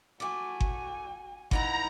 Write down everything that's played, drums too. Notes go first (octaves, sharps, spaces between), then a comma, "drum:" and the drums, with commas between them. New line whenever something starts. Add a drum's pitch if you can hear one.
A3 F#4 D5 G#5
drum: kick G1
E3 F3 D#4 E4 F#5 A#5, drum: kick G1